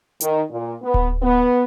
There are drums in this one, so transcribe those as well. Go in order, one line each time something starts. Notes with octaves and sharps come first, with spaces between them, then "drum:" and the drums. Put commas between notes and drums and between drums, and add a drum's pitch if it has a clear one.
D#3, drum: hi-hat
A#2
B3
drum: kick D1
B3